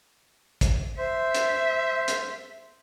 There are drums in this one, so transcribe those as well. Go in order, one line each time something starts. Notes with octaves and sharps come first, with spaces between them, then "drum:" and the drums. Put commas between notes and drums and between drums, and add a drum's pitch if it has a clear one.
drum: kick, hi-hat
C5 E5
drum: hi-hat
drum: hi-hat